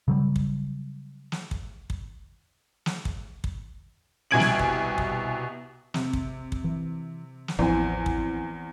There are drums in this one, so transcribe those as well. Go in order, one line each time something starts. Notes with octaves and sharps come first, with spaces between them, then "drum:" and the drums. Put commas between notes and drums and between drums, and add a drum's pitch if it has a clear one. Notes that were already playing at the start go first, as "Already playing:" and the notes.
C#3 F#3 G3
drum: kick
drum: snare
drum: kick
drum: kick
drum: snare
drum: kick
drum: kick
C2 B2 G#5 G#6 D7 F#7
drum: snare
drum: kick
drum: kick
C3, drum: snare
drum: kick
drum: kick
E3
drum: snare
A1 E2 F3 C4 G#5
drum: kick